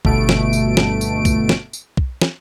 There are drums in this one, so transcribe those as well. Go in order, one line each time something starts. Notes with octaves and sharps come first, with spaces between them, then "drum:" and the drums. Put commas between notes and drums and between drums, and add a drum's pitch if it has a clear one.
G1 B2 A3 D7, drum: kick
drum: snare
drum: tambourine
drum: snare
drum: tambourine
drum: kick, tambourine
drum: snare
drum: tambourine
drum: kick
drum: snare